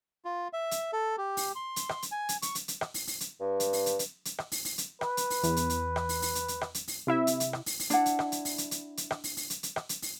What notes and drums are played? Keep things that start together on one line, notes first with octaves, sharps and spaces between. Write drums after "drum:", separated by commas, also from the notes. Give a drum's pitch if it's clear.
F4
E5
drum: hi-hat
A4
G4
drum: open hi-hat
C6
drum: hi-hat
drum: rim click
drum: hi-hat
G#5
drum: hi-hat
C#6, drum: hi-hat
drum: hi-hat
drum: hi-hat
drum: rim click
drum: open hi-hat
drum: open hi-hat
drum: hi-hat
G2
drum: hi-hat
drum: open hi-hat
drum: hi-hat
drum: hi-hat
drum: hi-hat
drum: rim click
drum: open hi-hat
drum: open hi-hat
drum: hi-hat
B4, drum: rim click
drum: hi-hat
drum: open hi-hat
E2, drum: hi-hat
drum: hi-hat
drum: hi-hat
drum: rim click
drum: open hi-hat
drum: open hi-hat
drum: hi-hat
drum: hi-hat
drum: rim click
drum: hi-hat
drum: open hi-hat
C3 E4 E5
drum: hi-hat
drum: hi-hat
drum: rim click
drum: open hi-hat
drum: open hi-hat
D4 E4 F#5, drum: hi-hat
drum: hi-hat
drum: rim click
drum: hi-hat
drum: open hi-hat
drum: hi-hat
drum: hi-hat
drum: hi-hat
drum: rim click
drum: open hi-hat
drum: open hi-hat
drum: hi-hat
drum: hi-hat
drum: rim click
drum: hi-hat
drum: open hi-hat